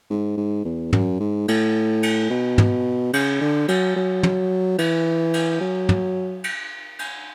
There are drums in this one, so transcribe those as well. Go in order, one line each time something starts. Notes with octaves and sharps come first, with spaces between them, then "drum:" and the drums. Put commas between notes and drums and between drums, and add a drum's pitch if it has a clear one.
G#2
G#2
E2
F#2, drum: tom
G#2
A2, drum: cymbal
drum: cymbal
B2
drum: tom
C#3, drum: cymbal
D3
F#3, drum: cymbal
F#3
drum: tom
E3, drum: cymbal
drum: cymbal
F#3
drum: tom
drum: cymbal
drum: cymbal